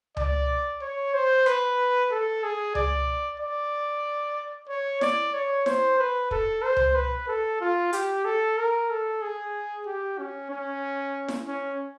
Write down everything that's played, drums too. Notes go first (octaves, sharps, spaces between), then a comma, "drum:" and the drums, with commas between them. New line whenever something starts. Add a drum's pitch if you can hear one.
D5, drum: tom C#2
C#5
C5
B4, drum: rim click
A4
G#4
D5, drum: tom C#2
D5
C#5
D5, drum: snare E4
C#5
C5, drum: snare E4
B4
A4, drum: kick
C5
drum: tom C#2
B4
A4
F4
G4, drum: hi-hat
A4
A#4
A4
G#4
G4
C#4
C#4
drum: snare E4
C#4